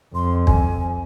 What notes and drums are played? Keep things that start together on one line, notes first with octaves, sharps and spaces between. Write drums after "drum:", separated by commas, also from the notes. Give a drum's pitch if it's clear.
F2 C6
G#5, drum: kick